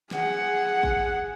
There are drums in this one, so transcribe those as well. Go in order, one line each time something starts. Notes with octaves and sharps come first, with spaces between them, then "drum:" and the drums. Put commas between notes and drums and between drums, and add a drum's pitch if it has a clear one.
G#4 F#5, drum: snare
drum: kick